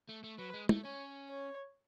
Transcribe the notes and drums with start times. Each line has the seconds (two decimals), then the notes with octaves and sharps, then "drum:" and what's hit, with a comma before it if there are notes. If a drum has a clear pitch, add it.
0.09 A3
0.24 A3
0.38 F#3 B4
0.54 G#3
0.69 A3, drum: tom
0.84 C#4 C#5
1.30 C#5